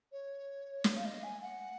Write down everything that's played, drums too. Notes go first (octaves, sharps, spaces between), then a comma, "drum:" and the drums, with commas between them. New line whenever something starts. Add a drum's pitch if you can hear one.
C#5
drum: snare
F5
D#5
G#5
F#5